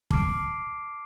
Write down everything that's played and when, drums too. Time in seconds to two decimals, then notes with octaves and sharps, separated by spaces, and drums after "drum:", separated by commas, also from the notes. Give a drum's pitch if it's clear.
0.11 A5 D6 F6 C7 D7, drum: kick